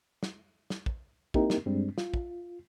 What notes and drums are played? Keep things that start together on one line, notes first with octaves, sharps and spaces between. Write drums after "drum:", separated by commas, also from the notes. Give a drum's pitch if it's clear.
drum: snare
drum: snare
drum: kick
A#3 C4 D#4 E4 G4 A#4, drum: kick
drum: snare
G2 G3 G#3 C4 D4
F4, drum: snare
drum: kick